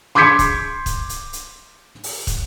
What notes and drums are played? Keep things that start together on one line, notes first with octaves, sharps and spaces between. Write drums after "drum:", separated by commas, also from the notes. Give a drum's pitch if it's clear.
C6 D6 G6 G#6 B6 C#7
drum: kick, hi-hat
drum: kick, hi-hat
drum: hi-hat
drum: hi-hat
drum: open hi-hat
drum: kick, hi-hat